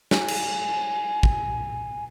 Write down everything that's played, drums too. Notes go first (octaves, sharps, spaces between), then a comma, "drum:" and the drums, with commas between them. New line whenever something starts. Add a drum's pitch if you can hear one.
G#5, drum: snare
drum: cymbal
drum: kick